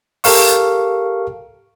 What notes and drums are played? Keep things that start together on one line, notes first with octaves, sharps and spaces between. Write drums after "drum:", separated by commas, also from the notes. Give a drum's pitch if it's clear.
G4 A4 A#4 F5 C#6, drum: open hi-hat